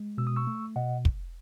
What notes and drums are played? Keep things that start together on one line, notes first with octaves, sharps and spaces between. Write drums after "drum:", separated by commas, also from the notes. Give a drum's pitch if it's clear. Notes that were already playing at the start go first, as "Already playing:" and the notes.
Already playing: G#3
B2 E6
D#6
C#6 E6
A3
B2 D#5 F#5
drum: kick